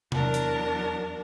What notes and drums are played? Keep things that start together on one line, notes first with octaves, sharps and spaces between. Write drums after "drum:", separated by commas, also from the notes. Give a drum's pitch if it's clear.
E2 F#3 D4 A#4 A5, drum: tom C3
drum: hi-hat